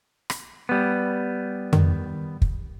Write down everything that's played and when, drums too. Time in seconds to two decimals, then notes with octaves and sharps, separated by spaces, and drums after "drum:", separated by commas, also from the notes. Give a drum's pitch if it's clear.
0.30 drum: rim click
0.69 G3 B3
1.73 D#3, drum: tom F2
2.42 drum: kick